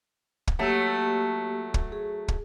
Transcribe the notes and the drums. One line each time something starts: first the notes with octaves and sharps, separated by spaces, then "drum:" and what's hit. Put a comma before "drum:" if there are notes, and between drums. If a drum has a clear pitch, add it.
drum: kick
F#3 A3 A#3 G4
drum: kick
G#4
drum: kick